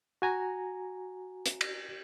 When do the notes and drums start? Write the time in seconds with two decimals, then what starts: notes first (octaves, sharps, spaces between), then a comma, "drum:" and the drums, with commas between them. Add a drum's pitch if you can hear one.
0.22 F#4 G#5 A#5
1.46 drum: hi-hat
1.61 drum: cymbal